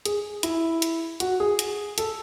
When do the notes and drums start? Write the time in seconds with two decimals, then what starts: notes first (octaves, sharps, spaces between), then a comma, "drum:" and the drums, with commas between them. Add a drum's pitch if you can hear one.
0.06 G#4, drum: hi-hat
0.43 E4, drum: hi-hat
0.82 drum: hi-hat
1.20 F#4, drum: hi-hat
1.40 G#4
1.59 drum: hi-hat
1.98 A4, drum: hi-hat